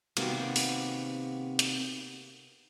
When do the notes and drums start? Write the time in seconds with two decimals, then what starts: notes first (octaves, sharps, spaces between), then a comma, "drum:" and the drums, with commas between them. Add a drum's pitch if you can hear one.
0.17 C3 D#3 A#3 B3 F#4 G4, drum: cymbal
0.56 drum: open hi-hat
1.59 drum: hi-hat